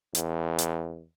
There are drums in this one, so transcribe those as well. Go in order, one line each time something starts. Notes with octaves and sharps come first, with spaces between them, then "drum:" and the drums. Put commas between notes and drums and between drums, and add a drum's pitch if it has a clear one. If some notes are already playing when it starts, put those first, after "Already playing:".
E2, drum: hi-hat
drum: hi-hat